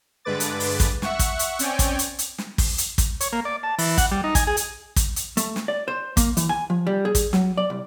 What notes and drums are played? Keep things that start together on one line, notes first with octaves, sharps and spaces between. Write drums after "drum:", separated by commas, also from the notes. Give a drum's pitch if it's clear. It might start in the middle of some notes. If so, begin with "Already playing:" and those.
G2 D3 G#3 B4 D6 A6
drum: hi-hat
drum: open hi-hat
drum: kick, hi-hat
E5 F#5 C#6, drum: snare
drum: kick, hi-hat
drum: hi-hat
C4 C#4 C#5 D5 G5 G#5, drum: hi-hat
drum: kick, hi-hat
drum: hi-hat
drum: hi-hat
drum: snare
drum: kick, open hi-hat
drum: hi-hat
drum: kick, hi-hat
C#5, drum: hi-hat
A#3
D5
A5
E3, drum: open hi-hat
F#5, drum: kick, hi-hat
G3
D#4
G#5, drum: kick, hi-hat
G#4
drum: hi-hat
drum: kick, hi-hat
drum: hi-hat
A3, drum: hi-hat
drum: snare
D5
C5
A#3, drum: kick, hi-hat
E3, drum: hi-hat
G#5
F3
G3
G#4
drum: kick, hi-hat
F#3, drum: snare
D5
C2